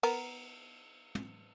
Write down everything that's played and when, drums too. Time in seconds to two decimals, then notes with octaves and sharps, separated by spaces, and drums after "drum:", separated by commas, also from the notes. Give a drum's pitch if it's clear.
0.03 B3 A#4, drum: cymbal
1.15 drum: tom